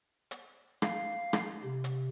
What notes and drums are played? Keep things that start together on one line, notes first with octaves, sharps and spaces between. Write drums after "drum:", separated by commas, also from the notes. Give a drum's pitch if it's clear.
drum: hi-hat
F5, drum: rim click
drum: rim click
C3
drum: hi-hat